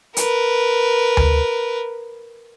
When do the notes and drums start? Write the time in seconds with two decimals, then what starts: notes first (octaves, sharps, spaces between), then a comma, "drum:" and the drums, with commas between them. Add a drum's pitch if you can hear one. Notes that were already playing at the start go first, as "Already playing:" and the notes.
0.17 A#4 B4, drum: hi-hat
1.17 drum: tom D2